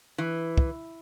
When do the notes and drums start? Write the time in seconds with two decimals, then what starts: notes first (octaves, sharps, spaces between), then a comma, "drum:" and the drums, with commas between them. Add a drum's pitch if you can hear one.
0.18 E3
0.57 drum: kick